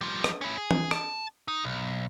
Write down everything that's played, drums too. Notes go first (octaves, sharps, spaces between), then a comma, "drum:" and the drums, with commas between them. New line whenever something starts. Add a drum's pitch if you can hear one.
F3 G3
drum: rim click
C#4 E4
G#4
drum: tom E3
A5, drum: rim click
D#4
B1